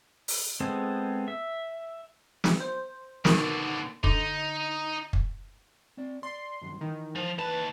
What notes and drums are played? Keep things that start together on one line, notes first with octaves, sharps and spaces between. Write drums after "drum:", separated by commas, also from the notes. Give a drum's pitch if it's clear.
drum: open hi-hat
G#3 B3 C4 G#4 A4
E5
drum: snare
C5
B2 D3 D#3, drum: snare
D3 D#4, drum: kick
drum: kick
C4 D5
D5 C6
G2 D#3 F#3
D#3 E3
F3
D#2 B4 A5